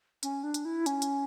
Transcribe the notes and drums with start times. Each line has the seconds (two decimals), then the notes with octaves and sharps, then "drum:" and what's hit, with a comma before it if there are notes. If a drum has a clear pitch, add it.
0.23 C#4, drum: hi-hat
0.43 D4
0.54 drum: hi-hat
0.65 E4
0.86 C#4, drum: hi-hat
1.02 drum: hi-hat